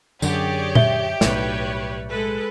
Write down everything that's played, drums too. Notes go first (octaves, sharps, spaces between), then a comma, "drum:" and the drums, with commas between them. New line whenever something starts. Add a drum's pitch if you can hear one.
F#2 D3 G4 G#4 C#5 D5, drum: tambourine
E5 G7, drum: tom
B1 A2 G3 B4 C#5, drum: snare
G#3 A4 B4